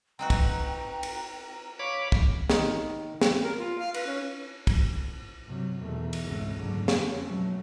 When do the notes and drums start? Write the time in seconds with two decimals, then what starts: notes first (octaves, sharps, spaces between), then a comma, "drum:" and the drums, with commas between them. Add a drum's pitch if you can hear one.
0.19 C4 D#4 F#4 B4 G5 A#5
0.30 drum: kick, cymbal
1.03 drum: cymbal
1.79 C#5 F5 B5 D6
2.12 drum: kick
2.50 D#3, drum: snare
3.21 drum: snare
3.43 A#4
3.58 F4
3.79 F5
3.94 B4, drum: cymbal
4.07 C#4
4.67 drum: kick, cymbal
5.46 G2 C3 F#3
5.79 E2 B2 D#3 A3
6.13 drum: cymbal
6.23 G#1 C#2 A3
6.55 F#1 G#2 D3 F#3
6.88 F2 C4 C#4, drum: snare
7.24 B2 F#3 A3